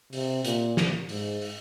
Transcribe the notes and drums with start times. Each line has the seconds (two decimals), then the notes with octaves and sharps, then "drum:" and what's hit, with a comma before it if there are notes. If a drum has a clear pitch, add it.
0.13 C3, drum: open hi-hat
0.45 A#2, drum: hi-hat
0.77 drum: snare
1.09 G#2, drum: open hi-hat
1.41 drum: open hi-hat